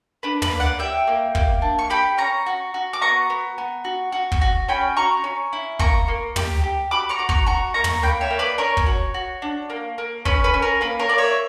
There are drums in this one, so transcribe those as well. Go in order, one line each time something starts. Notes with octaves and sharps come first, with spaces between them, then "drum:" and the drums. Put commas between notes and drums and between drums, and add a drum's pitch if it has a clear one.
D4 B4
B4 D5, drum: tom
A#3
D5 F#5
G4 E5 G5
A#3
A#3, drum: kick
D4
C#6
G4 G5 B5
C#4 A#5 C#6
F#4
F#4
D6
B3 A#5 C#6
B3
B3
F#4
F#4
drum: kick
F#4
C#4 G5 B5
F#4 A#5 C#6
C#4
E4
A#3 A#5 C#6, drum: kick
A#3
G4, drum: tom
G4
F#4 B5 D6
A#5 C#6
F#4 D6
A#5 C#6, drum: kick
F#4 A#5 C#6
A#3 A#5 C#6
drum: tom
A#3 G5 B5
C#5 E5
A#3
B4 D5
C#4 A#4 C#5
drum: kick
F#4
F#4
D4
A#3
A#3
C#4 B4, drum: kick
B4
C#4
A#4
A#3 B4
A#4 C#5
A#3 D5
C#5 E5